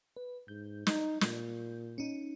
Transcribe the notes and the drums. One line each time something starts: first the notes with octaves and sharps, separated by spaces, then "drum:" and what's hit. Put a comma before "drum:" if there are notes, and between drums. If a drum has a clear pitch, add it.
B4
G#2 G6
D#4, drum: snare
A#2, drum: snare
C#4 D#4